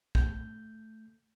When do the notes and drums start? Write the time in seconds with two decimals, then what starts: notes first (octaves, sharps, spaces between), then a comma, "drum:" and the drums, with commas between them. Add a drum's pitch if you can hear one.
0.15 A3 G6, drum: kick